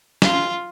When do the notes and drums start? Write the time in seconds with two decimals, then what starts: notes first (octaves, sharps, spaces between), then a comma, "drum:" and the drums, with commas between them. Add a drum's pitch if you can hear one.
0.22 F4, drum: snare